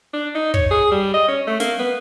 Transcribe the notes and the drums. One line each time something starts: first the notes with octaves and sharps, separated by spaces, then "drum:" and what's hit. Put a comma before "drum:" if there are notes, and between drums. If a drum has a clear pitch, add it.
D4
D#4
C#5, drum: kick
G#4
G3
D#5
C#4
A3
A#3, drum: snare
B3